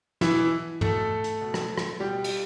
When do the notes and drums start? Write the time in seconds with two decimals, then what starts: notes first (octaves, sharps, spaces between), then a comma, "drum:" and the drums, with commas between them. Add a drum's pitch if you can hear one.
0.21 B2 E3 E4, drum: snare
0.81 B2 A3 A4, drum: tom
1.24 drum: hi-hat
1.41 B2
1.54 drum: rim click
1.78 drum: rim click
2.00 B2 G3 G4
2.24 drum: cymbal